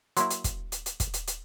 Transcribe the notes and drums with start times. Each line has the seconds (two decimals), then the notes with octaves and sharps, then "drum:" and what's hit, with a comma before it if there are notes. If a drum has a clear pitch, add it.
0.17 F#3 A#3 E4 C6, drum: hi-hat
0.30 drum: hi-hat
0.44 drum: kick, hi-hat
0.72 drum: hi-hat
0.86 drum: hi-hat
1.00 drum: kick, hi-hat
1.14 drum: hi-hat
1.28 drum: hi-hat